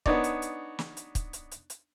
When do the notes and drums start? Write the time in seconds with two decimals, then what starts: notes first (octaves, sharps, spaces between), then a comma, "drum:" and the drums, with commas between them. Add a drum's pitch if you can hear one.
0.06 B3 D4 D#4 C#5 D5, drum: kick
0.24 drum: hi-hat
0.42 drum: hi-hat
0.79 drum: snare
0.97 drum: hi-hat
1.15 drum: kick, hi-hat
1.33 drum: hi-hat
1.52 drum: hi-hat
1.70 drum: hi-hat